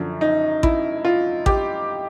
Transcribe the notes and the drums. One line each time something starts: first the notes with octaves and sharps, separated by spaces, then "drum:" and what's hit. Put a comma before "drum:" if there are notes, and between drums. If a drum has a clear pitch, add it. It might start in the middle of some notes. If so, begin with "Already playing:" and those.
Already playing: F#2 D3 F3
D#4
E4, drum: kick A1
F4
G4, drum: kick A1